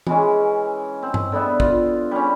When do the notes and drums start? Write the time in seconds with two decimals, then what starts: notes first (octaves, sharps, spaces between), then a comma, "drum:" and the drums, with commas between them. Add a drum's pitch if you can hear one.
0.07 E3 G#3 C#4, drum: tom E3
1.03 C4
1.14 drum: tom G2
1.32 D3 G3 B3 E5
1.60 F4, drum: kick
2.11 G3 C#4